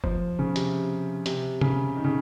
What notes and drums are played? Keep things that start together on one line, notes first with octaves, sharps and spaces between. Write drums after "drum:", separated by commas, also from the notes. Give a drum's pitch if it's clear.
F3, drum: kick F#1
C#3
C3, drum: hi-hat
C3, drum: hi-hat
C#3, drum: tom
D#3
C#3